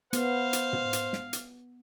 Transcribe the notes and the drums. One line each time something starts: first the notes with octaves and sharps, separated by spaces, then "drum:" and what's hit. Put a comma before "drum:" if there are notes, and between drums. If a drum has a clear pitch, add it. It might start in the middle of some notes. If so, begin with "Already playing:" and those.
B3 C5 F5, drum: hi-hat
drum: hi-hat
drum: tom
drum: hi-hat
drum: snare
drum: hi-hat